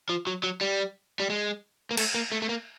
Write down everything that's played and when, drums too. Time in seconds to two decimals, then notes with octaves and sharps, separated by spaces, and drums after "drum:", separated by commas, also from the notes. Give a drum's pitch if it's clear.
0.09 F3
0.27 F#3
0.43 F#3
0.61 G3
1.20 G3
1.30 G#3
1.91 A#3
1.97 A3, drum: cymbal
2.14 A#3
2.32 A3
2.42 A3
2.49 A#3